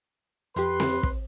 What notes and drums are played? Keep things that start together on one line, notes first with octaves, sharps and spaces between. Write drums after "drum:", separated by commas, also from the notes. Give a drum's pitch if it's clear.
F2 G4 B4 C6, drum: hi-hat
drum: snare C4
drum: kick